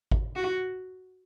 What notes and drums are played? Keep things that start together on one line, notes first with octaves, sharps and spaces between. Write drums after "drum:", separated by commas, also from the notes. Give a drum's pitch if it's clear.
drum: kick G#1
F#4